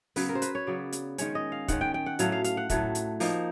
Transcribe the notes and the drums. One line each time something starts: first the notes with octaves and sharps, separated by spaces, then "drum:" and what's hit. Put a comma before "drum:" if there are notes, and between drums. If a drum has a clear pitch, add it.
C#3 F#3 B3 B4, drum: open hi-hat
A#4
C5
B4, drum: hi-hat
C#5
C#3 F#3 B3 D5
drum: hi-hat
D#3 G#3 C#4 C#5, drum: hi-hat
D#5
F5
D#3 G#3 C#4 F#5, drum: kick, hi-hat
G5
G5
F#5
A2 F#3 A3 F5, drum: hi-hat
F5
F5, drum: hi-hat
F#5
A2 F#3 A3, drum: kick, hi-hat
drum: hi-hat
F3 A#3 D#4, drum: open hi-hat